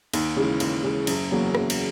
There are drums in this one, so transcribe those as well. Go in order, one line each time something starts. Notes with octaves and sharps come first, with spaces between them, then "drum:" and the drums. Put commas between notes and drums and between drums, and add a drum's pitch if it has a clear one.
D#2, drum: cymbal
C#3 E3 G#3
D#2, drum: cymbal
C#3 E3 G#3
F#1, drum: cymbal
E2 C#3 F#3 A#3
F#1, drum: rim click
drum: cymbal